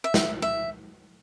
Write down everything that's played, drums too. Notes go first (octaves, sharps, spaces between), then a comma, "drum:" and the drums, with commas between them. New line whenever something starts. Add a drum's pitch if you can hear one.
E5
drum: snare
E5